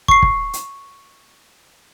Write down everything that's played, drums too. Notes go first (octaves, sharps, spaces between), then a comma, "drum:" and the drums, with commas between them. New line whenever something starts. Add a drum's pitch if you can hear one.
C#6 C7, drum: kick
drum: kick
drum: hi-hat